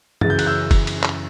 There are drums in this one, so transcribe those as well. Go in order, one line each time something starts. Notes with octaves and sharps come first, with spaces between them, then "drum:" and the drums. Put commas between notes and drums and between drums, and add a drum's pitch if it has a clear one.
F#2 C#3 E3 A6, drum: tom G2
G6
F#6, drum: cymbal
E6 G6
drum: kick F#1, cymbal
drum: cymbal
drum: clap